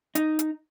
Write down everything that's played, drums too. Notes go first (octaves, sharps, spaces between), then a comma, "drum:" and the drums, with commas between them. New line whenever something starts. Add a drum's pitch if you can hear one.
D#4, drum: hi-hat
drum: hi-hat